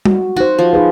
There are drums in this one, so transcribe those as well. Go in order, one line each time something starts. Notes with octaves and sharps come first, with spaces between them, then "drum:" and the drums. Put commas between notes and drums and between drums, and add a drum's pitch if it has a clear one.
F#4, drum: tom
D#4 F#4 C5
F3
D#4 G#4 B4